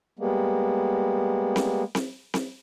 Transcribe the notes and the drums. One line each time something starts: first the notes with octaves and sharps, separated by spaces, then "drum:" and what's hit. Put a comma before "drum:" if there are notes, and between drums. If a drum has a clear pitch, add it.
G3 G#3 A#3 B3
drum: snare C4
drum: snare C4
drum: snare C4